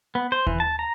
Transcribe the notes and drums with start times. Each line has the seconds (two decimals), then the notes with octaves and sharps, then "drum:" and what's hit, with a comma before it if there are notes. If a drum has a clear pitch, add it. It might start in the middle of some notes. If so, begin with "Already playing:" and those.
0.15 B3
0.32 C5
0.47 E3, drum: kick D#2
0.60 A5
0.79 A#5